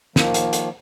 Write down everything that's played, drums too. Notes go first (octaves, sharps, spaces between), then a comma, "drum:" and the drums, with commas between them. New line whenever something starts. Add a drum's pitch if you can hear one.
D#3 F3 A#3, drum: snare
drum: hi-hat
drum: hi-hat